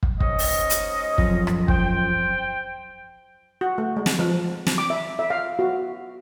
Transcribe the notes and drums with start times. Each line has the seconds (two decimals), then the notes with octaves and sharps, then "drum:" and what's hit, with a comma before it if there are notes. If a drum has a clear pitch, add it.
0.03 drum: kick
0.20 G#2 C#4 D#5, drum: kick
0.39 drum: open hi-hat
0.70 drum: hi-hat
1.18 F#2 F3, drum: kick
1.47 drum: rim click
1.68 C5 G5, drum: kick
3.61 F#4
3.78 A3
3.96 G#3
4.06 drum: snare
4.19 F3
4.67 drum: snare
4.78 D6
4.90 E5
5.19 E5
5.30 F5
5.59 F#4